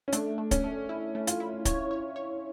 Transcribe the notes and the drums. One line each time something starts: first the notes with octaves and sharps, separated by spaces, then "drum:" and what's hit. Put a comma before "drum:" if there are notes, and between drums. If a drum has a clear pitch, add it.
C#4
A3 D4, drum: hi-hat
A3
C#4, drum: kick D1, hi-hat
A3
E4
A3
F4, drum: hi-hat
E4
C#5, drum: kick D1, hi-hat
C#5
C#5